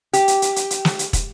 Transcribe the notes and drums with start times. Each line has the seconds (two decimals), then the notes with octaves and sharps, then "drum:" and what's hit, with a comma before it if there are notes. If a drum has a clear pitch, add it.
0.13 G4, drum: hi-hat
0.28 drum: hi-hat
0.42 drum: hi-hat
0.56 drum: hi-hat
0.70 drum: hi-hat
0.85 drum: snare
0.99 drum: hi-hat
1.13 drum: kick, hi-hat